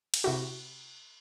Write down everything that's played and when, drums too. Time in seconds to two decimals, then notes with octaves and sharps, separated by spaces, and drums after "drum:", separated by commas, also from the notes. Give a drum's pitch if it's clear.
0.14 drum: cymbal
0.24 C3 E4 F#4